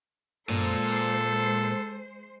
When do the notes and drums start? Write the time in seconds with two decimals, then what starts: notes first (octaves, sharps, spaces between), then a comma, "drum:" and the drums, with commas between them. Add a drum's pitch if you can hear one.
0.49 A#2 G#3 A4 C5 C7, drum: tom
0.86 drum: open hi-hat